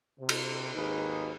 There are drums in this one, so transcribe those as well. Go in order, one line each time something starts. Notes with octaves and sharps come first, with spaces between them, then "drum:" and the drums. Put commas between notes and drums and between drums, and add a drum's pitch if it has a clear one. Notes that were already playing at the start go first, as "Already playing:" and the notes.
C3
drum: cymbal
G#1 D#2 D#4 G#4 B4